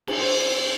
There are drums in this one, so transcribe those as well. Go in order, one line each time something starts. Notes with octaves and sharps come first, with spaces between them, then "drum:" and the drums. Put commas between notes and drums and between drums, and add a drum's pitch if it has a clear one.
drum: cymbal
C4